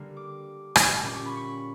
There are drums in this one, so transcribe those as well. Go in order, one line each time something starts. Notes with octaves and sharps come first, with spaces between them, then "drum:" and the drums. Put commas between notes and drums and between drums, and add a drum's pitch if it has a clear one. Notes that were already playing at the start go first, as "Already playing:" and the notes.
Already playing: D3 G3 A#3
D6
drum: rim click
A#2 G3 C#4 D6
C#6
B5
C#6